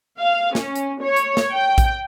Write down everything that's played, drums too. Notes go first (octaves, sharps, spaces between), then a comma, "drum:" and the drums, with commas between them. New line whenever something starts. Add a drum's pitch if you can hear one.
F5
C#4, drum: snare
drum: hi-hat
C#5
drum: hi-hat
drum: snare
G5
drum: kick A#1, hi-hat